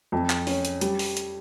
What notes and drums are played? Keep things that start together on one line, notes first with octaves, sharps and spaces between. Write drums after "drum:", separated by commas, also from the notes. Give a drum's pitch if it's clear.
F2
drum: clap
C#4, drum: open hi-hat
drum: hi-hat
G3, drum: hi-hat
drum: open hi-hat
drum: hi-hat